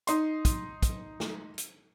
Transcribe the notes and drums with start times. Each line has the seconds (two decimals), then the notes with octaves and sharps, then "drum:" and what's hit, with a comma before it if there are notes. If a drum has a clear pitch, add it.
0.07 D#4 C6, drum: hi-hat
0.45 drum: kick, hi-hat
0.83 drum: kick, hi-hat
1.20 drum: snare
1.58 drum: hi-hat